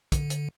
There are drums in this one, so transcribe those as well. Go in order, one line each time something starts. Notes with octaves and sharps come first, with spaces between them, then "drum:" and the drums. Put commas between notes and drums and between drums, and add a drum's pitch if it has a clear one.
D3, drum: kick, hi-hat
drum: hi-hat